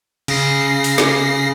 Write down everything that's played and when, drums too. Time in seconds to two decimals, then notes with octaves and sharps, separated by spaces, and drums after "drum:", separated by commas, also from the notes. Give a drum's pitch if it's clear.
0.28 C#3 A#6 C7, drum: cymbal
0.84 drum: open hi-hat
0.98 drum: snare